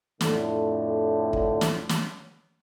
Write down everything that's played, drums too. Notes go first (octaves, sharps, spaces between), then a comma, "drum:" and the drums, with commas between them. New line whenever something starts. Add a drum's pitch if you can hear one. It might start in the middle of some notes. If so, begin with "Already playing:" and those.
F2 A2 D3, drum: snare
drum: kick
drum: snare
drum: snare